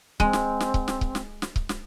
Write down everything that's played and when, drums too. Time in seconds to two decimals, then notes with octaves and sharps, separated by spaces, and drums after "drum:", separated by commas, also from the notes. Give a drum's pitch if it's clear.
0.20 G#3 C4, drum: kick C#1
0.33 drum: snare
0.60 drum: snare
0.74 drum: kick C#1
0.88 drum: snare
1.01 drum: kick C#1
1.15 drum: snare
1.42 drum: snare
1.56 drum: kick C#1
1.69 drum: snare